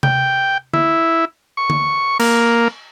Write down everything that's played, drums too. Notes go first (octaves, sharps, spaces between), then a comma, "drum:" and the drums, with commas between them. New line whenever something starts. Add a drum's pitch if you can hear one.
G5, drum: tom C3
E4, drum: tom D3
C#6
drum: tom D3
A#3, drum: cymbal